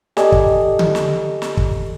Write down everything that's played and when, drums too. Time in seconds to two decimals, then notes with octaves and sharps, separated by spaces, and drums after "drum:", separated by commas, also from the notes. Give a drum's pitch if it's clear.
0.17 G4 A4 D5 D#5 G#5, drum: snare
0.32 drum: kick
0.79 drum: tom D3
0.95 drum: snare
1.42 drum: snare
1.57 drum: kick